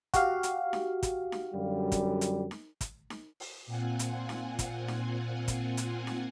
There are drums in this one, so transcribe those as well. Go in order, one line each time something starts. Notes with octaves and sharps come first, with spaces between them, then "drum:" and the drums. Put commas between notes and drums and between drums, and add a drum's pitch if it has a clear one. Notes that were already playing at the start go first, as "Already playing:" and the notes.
F#4 G4 F5, drum: kick, hi-hat
drum: hi-hat
drum: snare D#4
drum: kick, hi-hat
drum: snare D#4
F#2 D3 G3
drum: kick, hi-hat
drum: hi-hat
drum: snare D#4
drum: kick, hi-hat
drum: snare D#4
drum: open hi-hat
A#2 C4 F4 F#5 G#5
drum: hi-hat
drum: snare D#4
drum: kick, hi-hat
drum: snare D#4
drum: kick, hi-hat
drum: hi-hat
drum: snare D#4